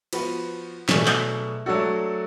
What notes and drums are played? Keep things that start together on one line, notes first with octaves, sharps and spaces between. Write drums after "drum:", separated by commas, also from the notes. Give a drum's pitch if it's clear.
F3 B3 F#4 B4, drum: cymbal
B2 F#3 A3 D4 G#4, drum: snare
drum: clap
F#3 A3 D4 F#4 A4